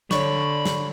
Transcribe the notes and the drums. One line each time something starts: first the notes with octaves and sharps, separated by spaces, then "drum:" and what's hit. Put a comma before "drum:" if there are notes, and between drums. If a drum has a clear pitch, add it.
D3 C#5 D5 B5 C#6, drum: snare
drum: snare